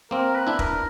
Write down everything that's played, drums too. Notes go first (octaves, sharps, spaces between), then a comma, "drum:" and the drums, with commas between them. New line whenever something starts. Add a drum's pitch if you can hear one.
A#3 C4 A#4
B4
D4 E4
A#4, drum: kick E1